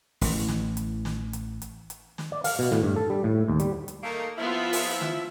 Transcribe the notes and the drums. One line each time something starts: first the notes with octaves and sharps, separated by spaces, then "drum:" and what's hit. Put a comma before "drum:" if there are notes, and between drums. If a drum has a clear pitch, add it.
A1 E3, drum: open hi-hat
drum: snare
drum: hi-hat
drum: snare
drum: hi-hat
drum: hi-hat
drum: hi-hat
drum: snare
D5
F5, drum: open hi-hat
B2
A2, drum: snare
G2
A4
G3
A2
D#2
G3, drum: hi-hat
drum: hi-hat
A3 A#3 D#4
F3 B3 E4 F4 E5
drum: open hi-hat
drum: snare